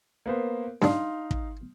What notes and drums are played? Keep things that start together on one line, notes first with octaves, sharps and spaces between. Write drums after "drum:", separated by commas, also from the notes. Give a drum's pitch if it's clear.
A#3 B3 C5
G2 D4 D#4 F5 C6, drum: snare
drum: kick